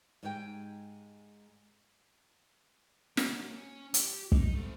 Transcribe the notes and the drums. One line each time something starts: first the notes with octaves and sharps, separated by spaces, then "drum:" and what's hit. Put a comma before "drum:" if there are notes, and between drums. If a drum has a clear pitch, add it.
G#2 G#3 D#4 G4 B4 G5
F#3 A#3, drum: snare
A#3
C#4
G4, drum: hi-hat
D#4, drum: kick
A3 C4